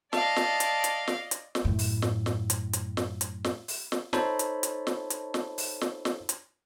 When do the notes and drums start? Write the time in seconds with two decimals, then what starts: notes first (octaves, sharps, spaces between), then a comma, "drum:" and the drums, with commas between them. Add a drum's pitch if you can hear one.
0.13 D5 D#5 F5 A5, drum: snare
0.36 drum: snare
0.60 drum: hi-hat
0.84 drum: hi-hat
1.08 drum: snare
1.31 drum: hi-hat
1.55 drum: snare
1.65 F#2 A2
1.79 drum: open hi-hat
2.02 drum: snare
2.26 drum: snare
2.50 drum: hi-hat
2.73 drum: hi-hat
2.97 drum: snare
3.21 drum: hi-hat
3.44 drum: snare
3.68 drum: open hi-hat
3.92 drum: snare
4.13 D#4 A4 C5 C#5 A5 B5, drum: snare
4.39 drum: hi-hat
4.63 drum: hi-hat
4.87 drum: snare
5.10 drum: hi-hat
5.34 drum: snare
5.58 drum: open hi-hat
5.81 drum: snare
6.05 drum: snare
6.29 drum: hi-hat